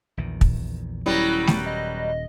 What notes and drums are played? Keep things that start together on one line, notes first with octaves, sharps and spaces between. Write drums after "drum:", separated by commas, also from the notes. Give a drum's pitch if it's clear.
A#1 E2 D#3
drum: kick
D#1 F#3 G3 B3 C#4 E4
drum: snare A3
D#5